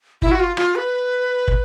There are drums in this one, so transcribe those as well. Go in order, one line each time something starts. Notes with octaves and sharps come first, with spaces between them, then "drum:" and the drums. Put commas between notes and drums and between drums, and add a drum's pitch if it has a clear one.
E4, drum: kick
F#4
F4
F4, drum: rim click
B4
drum: kick